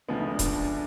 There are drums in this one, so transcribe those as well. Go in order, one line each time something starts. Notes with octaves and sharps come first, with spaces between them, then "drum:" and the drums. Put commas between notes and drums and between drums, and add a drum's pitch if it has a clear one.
D2 C#3 F3 G#3 B3 D4
D#4
D4
drum: kick D#1, hi-hat